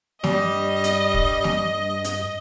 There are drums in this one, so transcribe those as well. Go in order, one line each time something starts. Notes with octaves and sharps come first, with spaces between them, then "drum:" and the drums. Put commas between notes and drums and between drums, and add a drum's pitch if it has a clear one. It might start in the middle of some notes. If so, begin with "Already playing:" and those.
G2 G3 D#5, drum: snare
drum: hi-hat
drum: kick
drum: snare
drum: hi-hat